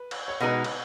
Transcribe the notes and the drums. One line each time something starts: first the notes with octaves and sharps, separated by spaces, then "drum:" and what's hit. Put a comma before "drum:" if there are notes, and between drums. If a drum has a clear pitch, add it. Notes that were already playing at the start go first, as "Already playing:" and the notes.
Already playing: B4
drum: cymbal
C#5
B2 G#3 D#4 B4
drum: cymbal